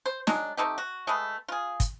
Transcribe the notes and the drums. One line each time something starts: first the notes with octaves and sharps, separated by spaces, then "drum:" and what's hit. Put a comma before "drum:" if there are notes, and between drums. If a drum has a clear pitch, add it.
C5
F#3 G#3 D4, drum: snare
C3 A3 D#4 G4
F#4
G#3 A3 B3
F4 G#4
drum: kick, hi-hat